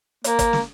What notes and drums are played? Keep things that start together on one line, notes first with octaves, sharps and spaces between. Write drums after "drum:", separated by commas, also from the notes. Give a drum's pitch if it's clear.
A#3, drum: hi-hat
drum: kick, hi-hat
drum: snare